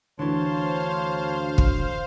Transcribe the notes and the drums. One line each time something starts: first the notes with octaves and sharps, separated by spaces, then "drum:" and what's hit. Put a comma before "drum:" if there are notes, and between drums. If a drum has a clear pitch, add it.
D2 D3 E3 C5 C#5 F5 A5 C6
drum: kick